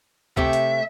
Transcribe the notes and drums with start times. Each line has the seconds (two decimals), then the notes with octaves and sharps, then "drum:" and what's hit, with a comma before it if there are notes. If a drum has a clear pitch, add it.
0.37 C3 A3 G4 E5, drum: kick C#2
0.53 drum: hi-hat